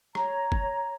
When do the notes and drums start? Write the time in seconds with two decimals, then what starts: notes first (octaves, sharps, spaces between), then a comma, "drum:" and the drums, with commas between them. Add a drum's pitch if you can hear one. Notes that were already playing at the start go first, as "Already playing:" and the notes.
0.15 C#5 A#5, drum: rim click
0.52 drum: kick